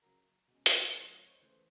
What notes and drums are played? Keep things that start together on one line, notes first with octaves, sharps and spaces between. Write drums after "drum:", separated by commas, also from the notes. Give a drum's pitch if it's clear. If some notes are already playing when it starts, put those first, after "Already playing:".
C#3 F#3 A#3 A#5
B2 G#3 C#4
drum: hi-hat
G#5
C#3 F3 G#3 C4 D#4 A5
D#5
C#5
C5
C#3 E3 A3 C5